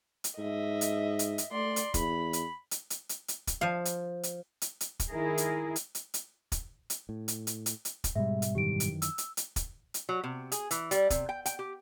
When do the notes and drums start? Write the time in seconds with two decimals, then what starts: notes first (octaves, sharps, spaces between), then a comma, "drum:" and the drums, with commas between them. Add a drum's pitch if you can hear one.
0.24 drum: hi-hat
0.38 G#2 D#5 E5
0.81 drum: hi-hat
1.19 drum: hi-hat
1.38 drum: hi-hat
1.52 A3 D5 C6
1.76 drum: hi-hat
1.94 E2 B5, drum: kick, hi-hat
2.33 drum: hi-hat
2.71 drum: hi-hat
2.90 drum: hi-hat
3.09 drum: hi-hat
3.28 drum: hi-hat
3.47 drum: kick, hi-hat
3.61 F3 F5
3.85 drum: hi-hat
4.23 drum: hi-hat
4.61 drum: hi-hat
4.81 drum: hi-hat
5.00 drum: kick, hi-hat
5.10 D#3 E4 G#4 A#4
5.38 drum: hi-hat
5.76 drum: hi-hat
5.95 drum: hi-hat
6.14 drum: hi-hat
6.52 drum: kick, hi-hat
6.90 drum: hi-hat
7.09 A2
7.28 drum: hi-hat
7.47 drum: hi-hat
7.66 drum: hi-hat
7.85 drum: hi-hat
8.04 drum: kick, hi-hat
8.15 G#2 B2 G3 G#3 E5
8.42 drum: hi-hat
8.55 F#2 D#3 E3 G4 D7
8.80 drum: hi-hat
9.02 E6, drum: hi-hat
9.18 drum: hi-hat
9.37 drum: hi-hat
9.56 drum: kick, hi-hat
9.94 drum: hi-hat
10.09 F#3
10.24 C3
10.52 G#4, drum: hi-hat
10.71 E3, drum: hi-hat
10.91 G3, drum: hi-hat
11.10 C3, drum: kick, hi-hat
11.29 G5
11.46 G5, drum: hi-hat
11.59 G4